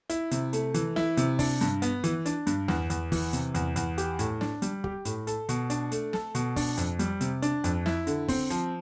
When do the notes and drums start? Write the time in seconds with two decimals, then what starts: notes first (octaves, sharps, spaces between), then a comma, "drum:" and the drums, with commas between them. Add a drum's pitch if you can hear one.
0.10 E4, drum: hi-hat
0.31 C3, drum: hi-hat
0.53 A3, drum: hi-hat
0.74 E3, drum: hi-hat
0.96 E4, drum: snare
1.17 C3, drum: hi-hat
1.39 D4, drum: kick, open hi-hat
1.61 G2, drum: hi-hat
1.82 B3, drum: hi-hat
2.04 E3, drum: hi-hat
2.26 D4, drum: hi-hat
2.47 G2, drum: hi-hat
2.68 E2, drum: snare
2.90 E2, drum: hi-hat
3.12 E3, drum: kick, open hi-hat
3.33 C3, drum: hi-hat
3.55 E2, drum: hi-hat
3.76 E2, drum: hi-hat
3.98 G4, drum: hi-hat
4.19 A2, drum: hi-hat
4.41 D4, drum: snare
4.62 G3, drum: hi-hat
4.84 G4, drum: kick
5.05 A2, drum: hi-hat
5.27 A4, drum: hi-hat
5.49 B2, drum: hi-hat
5.70 D4, drum: hi-hat
5.92 A3, drum: hi-hat
6.13 A4, drum: snare
6.35 B2, drum: hi-hat
6.56 D4, drum: kick, open hi-hat
6.77 F2, drum: hi-hat
6.99 G3, drum: hi-hat
7.21 C3, drum: hi-hat
7.42 D4, drum: hi-hat
7.64 F2, drum: hi-hat
7.86 E4, drum: snare
8.07 D3, drum: hi-hat
8.28 C4, drum: kick, open hi-hat
8.50 F3, drum: hi-hat